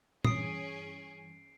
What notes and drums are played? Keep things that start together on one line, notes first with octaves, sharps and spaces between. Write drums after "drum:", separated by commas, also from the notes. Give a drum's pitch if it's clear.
G2 E3 C#4 G#4 D#6 C7 D7, drum: tom